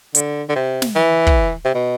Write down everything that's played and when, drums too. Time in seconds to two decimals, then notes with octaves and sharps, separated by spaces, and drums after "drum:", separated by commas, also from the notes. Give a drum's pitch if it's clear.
0.15 D3, drum: hi-hat
0.49 D3
0.56 C3
0.82 drum: snare
0.95 E3
1.27 drum: kick
1.65 C3
1.75 B2